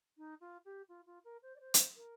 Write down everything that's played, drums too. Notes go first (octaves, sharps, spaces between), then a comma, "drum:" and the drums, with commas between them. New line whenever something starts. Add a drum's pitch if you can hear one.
D#4
F4
G4
F4
F4
A#4
C5
D5
C5
drum: hi-hat
A#4